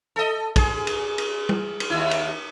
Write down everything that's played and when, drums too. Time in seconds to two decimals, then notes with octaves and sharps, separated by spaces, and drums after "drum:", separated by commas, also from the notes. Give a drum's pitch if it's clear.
0.16 A4 D#5
0.56 G#4, drum: kick, cymbal
0.87 drum: cymbal
1.18 drum: cymbal
1.49 drum: tom G3
1.80 drum: cymbal
1.90 D#2 E4
2.11 drum: cymbal